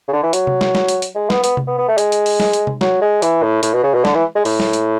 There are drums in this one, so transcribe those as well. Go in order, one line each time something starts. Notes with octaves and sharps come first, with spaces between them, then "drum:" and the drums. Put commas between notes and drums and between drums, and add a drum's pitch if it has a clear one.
C#3
D3
E3
F#3, drum: hi-hat
drum: tom C3
drum: snare
drum: snare
drum: hi-hat
drum: hi-hat
G#3
B3, drum: snare
B3, drum: hi-hat
drum: tom C3
B3
B3
A3
G#3, drum: hi-hat
drum: hi-hat
drum: open hi-hat
drum: snare
drum: hi-hat
drum: tom C3
F#3, drum: snare
G#3
E3, drum: hi-hat
A2
A2, drum: hi-hat
B2
C#3
B2
D3, drum: snare
E3
G#3
A2, drum: open hi-hat
drum: snare
drum: hi-hat